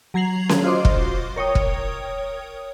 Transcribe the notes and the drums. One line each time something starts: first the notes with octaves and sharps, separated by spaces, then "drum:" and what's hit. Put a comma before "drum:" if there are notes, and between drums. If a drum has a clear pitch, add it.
F#3 A#5 G#6 C7 F7 F#7
drum: snare C#4
F4 F#4 C5 D#5 C6 D6
drum: kick
A#4 C#5 G5 D#6
drum: kick